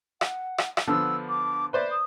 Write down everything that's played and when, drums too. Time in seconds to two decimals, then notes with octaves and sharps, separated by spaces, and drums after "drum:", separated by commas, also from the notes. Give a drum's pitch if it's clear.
0.21 F#5, drum: rim click
0.58 drum: rim click
0.77 drum: rim click
0.87 D3 F3 B3 E6
1.29 D6
1.73 B4 C5 D5 E5
1.90 D#6